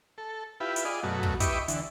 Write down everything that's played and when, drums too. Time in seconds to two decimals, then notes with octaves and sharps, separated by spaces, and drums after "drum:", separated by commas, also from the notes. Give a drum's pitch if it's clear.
0.18 A4
0.60 E4 F4 G4 B4
0.76 drum: hi-hat
0.85 F4 G#4 D5 D#5
1.03 F#2 B2 F#3 A3
1.23 drum: kick
1.40 E4 G4 B4 D#5 C#6 D6, drum: kick, hi-hat
1.68 D3 E3, drum: hi-hat